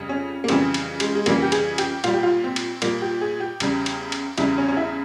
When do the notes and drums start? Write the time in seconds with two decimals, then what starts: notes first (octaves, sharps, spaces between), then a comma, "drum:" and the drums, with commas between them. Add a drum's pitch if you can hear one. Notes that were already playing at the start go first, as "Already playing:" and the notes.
Already playing: F2 C#3 G3
0.09 C#4
0.44 A#3
0.48 F2 C#3 E3 G3 C4, drum: cymbal
0.74 drum: cymbal
1.00 G#3, drum: cymbal
1.15 G#3
1.26 F2 C#3 E3 G3 A#3, drum: cymbal
1.42 G4
1.52 G#4, drum: cymbal
1.78 G4, drum: cymbal
2.04 A#2 G3 F4, drum: cymbal
2.14 G4
2.23 F4
2.44 C4
2.56 drum: cymbal
2.82 A#2 G3 A#3, drum: cymbal
3.02 G4
3.21 G#4
3.40 G4
3.60 E2 C#3 G3, drum: cymbal
3.86 drum: cymbal
4.12 drum: cymbal
4.38 E2 C#3 G3 E4, drum: cymbal
4.58 C#4
4.68 C#4
4.77 E4